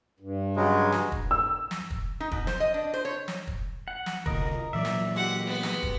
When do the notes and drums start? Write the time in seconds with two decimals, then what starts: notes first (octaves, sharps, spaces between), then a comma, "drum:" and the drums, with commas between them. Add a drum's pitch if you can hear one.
0.20 G2
0.56 C#3 F#3 G#3
0.92 drum: snare
1.12 drum: kick
1.31 E6
1.71 drum: snare
1.90 drum: kick
2.20 D#4
2.31 B2, drum: kick
2.47 C5, drum: snare
2.60 D#5
2.74 D4
2.94 C5
3.05 C#5
3.28 drum: snare
3.47 drum: kick
3.88 F#5
4.06 drum: snare
4.26 C2 D3 A#4 D#5, drum: kick
4.73 A#2 E3 F#3 D5 E5
4.85 drum: snare
5.16 G#3 F#4 G4 F#5
5.46 B3
5.63 drum: snare
5.83 drum: kick